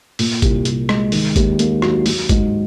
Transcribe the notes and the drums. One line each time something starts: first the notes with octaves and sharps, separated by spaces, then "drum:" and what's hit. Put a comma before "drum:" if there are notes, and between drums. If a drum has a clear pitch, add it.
A#2, drum: open hi-hat
C2, drum: kick, hi-hat
C2, drum: hi-hat
G#3, drum: rim click
D#3, drum: open hi-hat
D#2, drum: kick, hi-hat
A#3, drum: hi-hat
F#3, drum: rim click
F#3, drum: open hi-hat
G#2, drum: kick, hi-hat